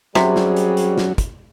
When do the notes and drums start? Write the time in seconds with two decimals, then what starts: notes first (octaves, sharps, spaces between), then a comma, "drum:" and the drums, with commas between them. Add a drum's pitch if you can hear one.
0.15 C3 F#3 G3 C#4 F#4 G#4, drum: snare
0.36 drum: snare
0.56 drum: hi-hat
0.77 drum: hi-hat
0.98 drum: snare
1.18 drum: kick, hi-hat